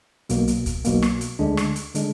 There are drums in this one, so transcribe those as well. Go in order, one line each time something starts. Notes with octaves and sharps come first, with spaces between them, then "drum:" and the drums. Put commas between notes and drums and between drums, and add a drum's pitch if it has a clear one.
B1 B2 A#3, drum: hi-hat
drum: hi-hat
drum: kick, hi-hat
B1 B2 A#3, drum: hi-hat
drum: rim click
drum: hi-hat
D2 D3 G#3 D4
drum: rim click
drum: hi-hat
D3 G#3 D4, drum: hi-hat